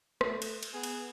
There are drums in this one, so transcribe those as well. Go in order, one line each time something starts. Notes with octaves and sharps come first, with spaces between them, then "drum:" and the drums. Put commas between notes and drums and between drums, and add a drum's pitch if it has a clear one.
A3, drum: rim click
drum: cymbal
drum: cymbal
B3 G#4
drum: cymbal